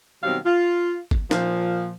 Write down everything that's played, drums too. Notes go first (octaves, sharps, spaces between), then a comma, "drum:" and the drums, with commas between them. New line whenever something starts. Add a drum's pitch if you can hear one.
B2 D#3 F#3 G3 C4 F5
F4
drum: kick
A#2 F3, drum: snare